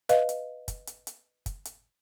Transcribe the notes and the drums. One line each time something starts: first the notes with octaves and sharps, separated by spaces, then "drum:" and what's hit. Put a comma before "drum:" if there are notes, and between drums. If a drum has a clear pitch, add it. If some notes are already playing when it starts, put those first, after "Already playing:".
B4 D#5 F5, drum: hi-hat
drum: hi-hat
drum: kick, hi-hat
drum: hi-hat
drum: hi-hat
drum: kick, hi-hat
drum: hi-hat